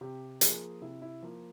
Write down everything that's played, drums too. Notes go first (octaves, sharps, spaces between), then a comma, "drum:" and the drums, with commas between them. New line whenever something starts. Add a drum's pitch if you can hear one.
C3 G4
F3 A#3 G#4, drum: hi-hat
C3 E4
E4
F3 A#3